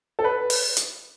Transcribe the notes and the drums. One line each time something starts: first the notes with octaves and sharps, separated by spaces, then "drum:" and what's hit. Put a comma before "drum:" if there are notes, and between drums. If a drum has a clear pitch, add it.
A4
B4
drum: open hi-hat
drum: hi-hat